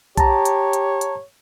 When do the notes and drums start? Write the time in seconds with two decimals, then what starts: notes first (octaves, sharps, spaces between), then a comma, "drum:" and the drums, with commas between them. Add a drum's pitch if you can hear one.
0.17 G4 C#5 A5 A#5, drum: kick B1, hi-hat
0.45 drum: hi-hat
0.73 drum: hi-hat
1.01 drum: hi-hat